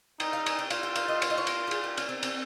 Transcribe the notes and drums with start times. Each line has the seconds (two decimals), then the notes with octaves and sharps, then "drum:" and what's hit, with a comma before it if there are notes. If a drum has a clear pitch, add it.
0.20 D#4 G5, drum: cymbal
0.33 F5
0.46 G#5, drum: cymbal
0.59 G5
0.70 F4 F5, drum: cymbal
0.83 G5
0.96 F5, drum: cymbal
1.08 D#5
1.22 C#5, drum: cymbal
1.30 D#5
1.38 C#5
1.47 A#4, drum: cymbal
1.67 G4
1.71 G#4, drum: cymbal
1.84 G4
1.97 C#4, drum: cymbal
2.09 C4
2.23 C4, drum: cymbal